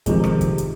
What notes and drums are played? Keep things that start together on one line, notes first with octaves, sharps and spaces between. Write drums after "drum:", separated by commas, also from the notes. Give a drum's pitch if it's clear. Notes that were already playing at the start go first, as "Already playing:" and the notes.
F2 C3 D#3 G#3, drum: kick, hi-hat
drum: rim click
drum: kick, hi-hat
drum: hi-hat